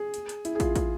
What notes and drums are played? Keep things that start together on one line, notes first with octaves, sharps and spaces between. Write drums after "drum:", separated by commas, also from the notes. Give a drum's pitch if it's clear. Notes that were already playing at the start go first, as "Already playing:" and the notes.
Already playing: G#4
drum: hi-hat
drum: hi-hat
E4, drum: hi-hat
G#4
F4, drum: kick, hi-hat
drum: kick, hi-hat